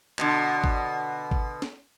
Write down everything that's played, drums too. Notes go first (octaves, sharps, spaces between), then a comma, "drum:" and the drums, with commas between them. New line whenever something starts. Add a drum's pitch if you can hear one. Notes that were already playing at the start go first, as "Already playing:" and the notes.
B2 D3, drum: clap
drum: kick G#1
drum: kick G#1
drum: snare